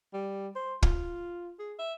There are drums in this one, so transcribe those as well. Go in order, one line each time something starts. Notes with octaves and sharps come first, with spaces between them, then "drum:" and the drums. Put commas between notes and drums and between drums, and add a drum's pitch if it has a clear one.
G3
C5
F4, drum: kick
G#4
E5